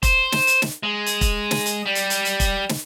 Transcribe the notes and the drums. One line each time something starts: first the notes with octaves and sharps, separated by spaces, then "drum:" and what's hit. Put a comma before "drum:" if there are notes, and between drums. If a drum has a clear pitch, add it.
C5, drum: kick E1, hi-hat
drum: snare
drum: hi-hat
drum: snare
G#3
drum: hi-hat
drum: kick E1, hi-hat
drum: snare
drum: hi-hat
G3
drum: hi-hat
drum: hi-hat
drum: hi-hat
drum: kick E1, hi-hat
drum: snare